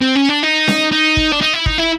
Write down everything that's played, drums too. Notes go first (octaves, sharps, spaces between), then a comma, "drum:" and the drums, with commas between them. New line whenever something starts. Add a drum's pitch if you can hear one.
C4
C#4
D4
D#4
drum: snare C#4
D#4
drum: kick
D4
D#4
E4
D#4, drum: kick
E4